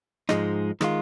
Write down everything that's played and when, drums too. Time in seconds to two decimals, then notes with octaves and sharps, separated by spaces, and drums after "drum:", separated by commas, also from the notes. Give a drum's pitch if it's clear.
0.29 G#2 F3 G#3 D#4, drum: rim click
0.81 D#3 G#3 F4, drum: rim click